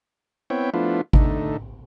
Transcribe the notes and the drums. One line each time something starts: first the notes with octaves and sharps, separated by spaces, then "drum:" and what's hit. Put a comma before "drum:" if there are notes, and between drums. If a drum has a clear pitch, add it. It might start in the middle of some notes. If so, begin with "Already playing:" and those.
B3 C4 E4 C#5 G5
F3 A3 B3 D4 E4 F4
D3 A3 D#4, drum: kick G#1